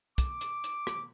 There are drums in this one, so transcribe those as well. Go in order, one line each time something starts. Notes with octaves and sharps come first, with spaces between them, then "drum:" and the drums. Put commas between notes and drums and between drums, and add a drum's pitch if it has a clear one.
D6, drum: kick, hi-hat
drum: hi-hat
drum: hi-hat
drum: rim click